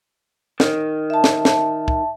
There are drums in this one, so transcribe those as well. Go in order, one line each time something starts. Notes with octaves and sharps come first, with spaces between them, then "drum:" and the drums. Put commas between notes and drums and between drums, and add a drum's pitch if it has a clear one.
D#3, drum: snare
E5 A5
drum: snare
drum: snare
drum: kick